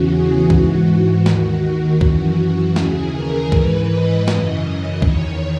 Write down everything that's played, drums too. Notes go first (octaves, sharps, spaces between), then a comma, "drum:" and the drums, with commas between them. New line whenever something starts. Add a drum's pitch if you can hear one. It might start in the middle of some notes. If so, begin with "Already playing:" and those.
Already playing: E2 C#3 E3 F#4
G#4
G#2 E3 F#4, drum: kick C2
D#2 D#3 F#4, drum: snare
F#2 E3, drum: kick C2
D#2 C#3 E3 G#4, drum: snare
A#4
G#2 E3 B4, drum: kick C2
D#5
F#2 C#3 E3, drum: snare
E2 D#3 C#5, drum: kick C2